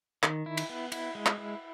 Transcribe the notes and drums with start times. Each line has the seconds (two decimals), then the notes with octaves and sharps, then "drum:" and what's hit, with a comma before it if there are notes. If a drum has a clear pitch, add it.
0.23 D#3, drum: clap
0.46 E4
0.57 drum: cymbal
0.69 B3
0.92 E4, drum: cymbal
1.15 G#3
1.26 drum: clap
1.38 E4